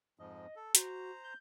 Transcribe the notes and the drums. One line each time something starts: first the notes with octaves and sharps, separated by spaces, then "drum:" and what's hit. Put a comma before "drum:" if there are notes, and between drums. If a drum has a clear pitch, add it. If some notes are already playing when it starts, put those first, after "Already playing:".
F2 G#2 F3 D#5
A4
F#4 C5 A#5, drum: hi-hat
G6